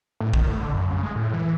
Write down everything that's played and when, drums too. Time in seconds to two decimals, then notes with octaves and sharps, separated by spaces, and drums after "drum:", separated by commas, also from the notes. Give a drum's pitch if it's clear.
0.20 A2
0.34 D#3, drum: kick A#1
0.47 A2
0.60 D3
0.73 F#2
0.91 C#3
1.03 G#3
1.16 A2
1.33 E3